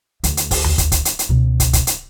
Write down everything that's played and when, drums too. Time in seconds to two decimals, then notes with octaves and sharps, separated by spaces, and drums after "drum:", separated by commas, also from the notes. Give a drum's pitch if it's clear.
0.24 D2, drum: hi-hat
0.37 drum: hi-hat
0.51 drum: kick, open hi-hat
0.64 drum: tom D#2
0.78 drum: kick, hi-hat
0.92 drum: kick, hi-hat
1.05 drum: hi-hat
1.19 drum: hi-hat
1.29 C#2 B2
1.60 drum: kick, hi-hat
1.73 drum: kick, hi-hat
1.87 drum: hi-hat